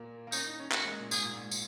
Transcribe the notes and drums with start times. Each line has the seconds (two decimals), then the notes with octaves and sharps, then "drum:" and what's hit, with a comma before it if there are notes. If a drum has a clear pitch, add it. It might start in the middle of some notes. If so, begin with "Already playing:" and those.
Already playing: A#2 A#3
0.27 A#3
0.32 C#4 D#4, drum: tambourine
0.46 D#4
0.59 C#4
0.72 A#3 F#4, drum: clap
0.85 G#3
0.99 A#2
1.11 G#2 G#4, drum: tambourine
1.23 A#2
1.35 G#2
1.51 drum: tambourine